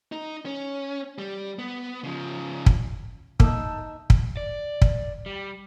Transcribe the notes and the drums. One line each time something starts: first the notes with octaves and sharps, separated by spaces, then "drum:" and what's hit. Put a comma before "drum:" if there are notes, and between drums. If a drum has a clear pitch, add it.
D#4
C#4
G3
B3
C#3 F3
drum: kick
A#2 A#3 D#4 E5 A5, drum: kick
drum: kick
D5
drum: kick
G3